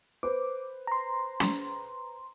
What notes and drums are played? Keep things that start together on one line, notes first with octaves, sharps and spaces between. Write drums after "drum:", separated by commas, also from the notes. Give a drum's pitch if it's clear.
B4 C5 D6
A#5 C6
drum: snare